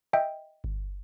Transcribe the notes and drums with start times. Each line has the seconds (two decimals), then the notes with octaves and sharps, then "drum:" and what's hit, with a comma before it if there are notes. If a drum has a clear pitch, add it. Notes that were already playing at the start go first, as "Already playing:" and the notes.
0.13 D#5 E5 G5
0.64 drum: kick G1